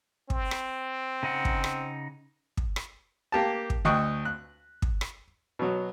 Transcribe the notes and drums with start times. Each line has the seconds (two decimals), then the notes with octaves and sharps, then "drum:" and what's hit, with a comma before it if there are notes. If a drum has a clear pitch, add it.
0.30 C4, drum: kick
0.51 drum: rim click
1.23 C#3 D#4 F#5
1.45 drum: kick
1.64 drum: rim click
2.57 drum: kick
2.76 drum: rim click
3.32 A#3 G4 A5
3.70 drum: kick
3.85 D2 D#5 G5 C#6 F#6
4.25 F#6
4.82 drum: kick
5.01 drum: rim click
5.59 B2 F#3